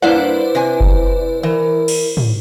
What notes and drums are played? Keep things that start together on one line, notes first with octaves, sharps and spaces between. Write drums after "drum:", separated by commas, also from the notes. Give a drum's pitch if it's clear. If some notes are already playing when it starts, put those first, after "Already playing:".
G2 A#3 E4 B4 C5 D5 F#5
C3 G#5
drum: kick F#1
E3 A#4
drum: cymbal
drum: tom